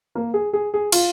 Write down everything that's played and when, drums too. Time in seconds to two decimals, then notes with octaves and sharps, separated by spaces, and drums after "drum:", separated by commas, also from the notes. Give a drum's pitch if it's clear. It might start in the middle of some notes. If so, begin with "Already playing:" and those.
0.15 A#3
0.34 G#4
0.53 G#4
0.74 G#4
0.92 F4, drum: cymbal